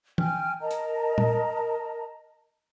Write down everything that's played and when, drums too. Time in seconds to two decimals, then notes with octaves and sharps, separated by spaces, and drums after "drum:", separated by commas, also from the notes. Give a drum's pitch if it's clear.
0.18 G5 G#5 F6, drum: tom E3
0.60 A#4 D#5 A5 A#5
0.71 drum: hi-hat
1.18 drum: tom A#2